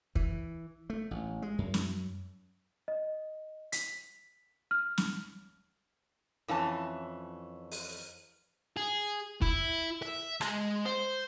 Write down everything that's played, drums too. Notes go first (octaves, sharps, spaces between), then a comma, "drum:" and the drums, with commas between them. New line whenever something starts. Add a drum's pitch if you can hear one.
E3, drum: kick
A3
A1
G#3
F#2
drum: snare
D#5
B6, drum: hi-hat
F6
drum: snare
F2 E3 C#4 A5
drum: open hi-hat
G#4
E4, drum: kick
E5
G#3, drum: rim click
C5